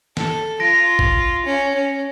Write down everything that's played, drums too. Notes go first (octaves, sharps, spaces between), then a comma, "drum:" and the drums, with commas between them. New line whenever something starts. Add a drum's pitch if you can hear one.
A4, drum: snare
F4 A#6 D7
drum: kick G#1
C#4
C#4